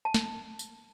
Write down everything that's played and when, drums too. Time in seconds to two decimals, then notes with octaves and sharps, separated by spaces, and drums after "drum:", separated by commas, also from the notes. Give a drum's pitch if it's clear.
0.05 A5
0.14 drum: snare
0.59 drum: tambourine